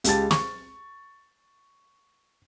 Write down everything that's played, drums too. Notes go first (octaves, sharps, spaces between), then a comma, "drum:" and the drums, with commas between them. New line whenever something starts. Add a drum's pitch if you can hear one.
C#2 G#3 G4 A5 A6, drum: hi-hat
C#6, drum: snare